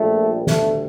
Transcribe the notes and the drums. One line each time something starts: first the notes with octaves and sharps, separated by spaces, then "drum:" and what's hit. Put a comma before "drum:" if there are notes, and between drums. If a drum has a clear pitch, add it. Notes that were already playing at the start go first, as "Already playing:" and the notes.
Already playing: A#1 A#2 G3 A3
D2 D3 G3 A3, drum: snare